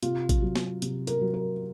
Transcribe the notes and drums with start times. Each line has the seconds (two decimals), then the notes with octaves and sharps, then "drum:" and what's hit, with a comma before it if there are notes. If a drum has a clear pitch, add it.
0.03 C3 F4, drum: hi-hat
0.29 drum: kick A1, hi-hat
0.42 F#3
0.55 drum: snare
0.82 C3, drum: hi-hat
1.07 A#4, drum: hi-hat
1.21 F#3
1.34 A#4